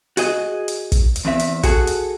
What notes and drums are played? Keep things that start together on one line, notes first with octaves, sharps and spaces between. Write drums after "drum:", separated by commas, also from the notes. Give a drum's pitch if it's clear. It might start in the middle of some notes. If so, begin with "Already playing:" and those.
F#4 G#4 D#5, drum: hi-hat
drum: hi-hat
drum: kick, hi-hat
drum: hi-hat
E2 C4 E5
drum: hi-hat
F#4 G#4 A4 F#5, drum: kick, hi-hat
drum: hi-hat